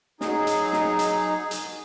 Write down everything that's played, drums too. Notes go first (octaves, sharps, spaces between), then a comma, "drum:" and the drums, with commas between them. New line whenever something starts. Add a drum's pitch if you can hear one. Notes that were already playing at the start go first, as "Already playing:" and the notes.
F#3 D#4 G#4, drum: snare
drum: hi-hat
drum: snare
drum: hi-hat
drum: hi-hat